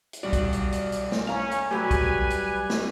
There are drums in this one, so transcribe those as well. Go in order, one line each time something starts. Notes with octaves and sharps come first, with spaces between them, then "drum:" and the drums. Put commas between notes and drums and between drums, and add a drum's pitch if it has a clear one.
drum: hi-hat
B1 G3 F#4 D5
drum: kick B1, hi-hat
drum: hi-hat
drum: hi-hat
drum: hi-hat
drum: snare
C#4 F5 A#5
drum: hi-hat
F#3 G3 A3 G4 B4 G#5
drum: kick B1, hi-hat
drum: hi-hat
drum: snare